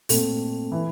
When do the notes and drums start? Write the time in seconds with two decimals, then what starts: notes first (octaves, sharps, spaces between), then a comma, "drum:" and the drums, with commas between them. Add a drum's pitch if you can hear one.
0.09 A#2 A3 C4, drum: open hi-hat
0.72 E3